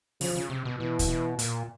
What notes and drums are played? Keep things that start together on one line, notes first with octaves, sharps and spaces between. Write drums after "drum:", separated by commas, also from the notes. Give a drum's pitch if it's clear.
C#3 F3, drum: open hi-hat
C#3
C3
B2
B2 E3
drum: kick, hi-hat
B2
A#2, drum: hi-hat